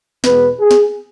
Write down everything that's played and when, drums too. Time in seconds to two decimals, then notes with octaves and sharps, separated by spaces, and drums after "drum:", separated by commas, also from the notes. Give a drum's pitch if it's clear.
0.24 E2 B2 G#3 B3 B4, drum: snare
0.59 G#4
0.71 drum: snare